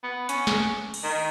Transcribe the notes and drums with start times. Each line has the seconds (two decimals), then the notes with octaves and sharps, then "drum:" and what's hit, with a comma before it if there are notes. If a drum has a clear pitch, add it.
0.03 B3
0.29 C#4, drum: hi-hat
0.47 drum: snare
0.94 drum: cymbal
1.04 D#3